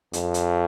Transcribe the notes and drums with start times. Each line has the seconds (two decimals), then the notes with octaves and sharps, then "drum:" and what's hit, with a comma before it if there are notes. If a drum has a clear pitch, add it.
0.13 F2, drum: hi-hat
0.34 drum: hi-hat